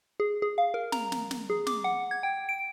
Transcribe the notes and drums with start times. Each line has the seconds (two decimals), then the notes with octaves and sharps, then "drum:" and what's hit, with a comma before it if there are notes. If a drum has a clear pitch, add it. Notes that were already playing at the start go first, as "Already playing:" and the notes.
0.20 G#4
0.42 G#4
0.58 F5
0.74 A#4
0.92 A#5, drum: snare
1.12 drum: snare
1.31 drum: snare
1.50 G#4
1.67 D6, drum: snare
1.84 F#5
2.11 G#6
2.23 G5
2.49 D7